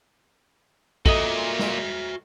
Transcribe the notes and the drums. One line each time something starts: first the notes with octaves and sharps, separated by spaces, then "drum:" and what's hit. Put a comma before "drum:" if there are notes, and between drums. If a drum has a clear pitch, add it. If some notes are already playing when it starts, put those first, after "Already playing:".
A#2 F#4 A4 D#5 E5 D#6, drum: kick
drum: snare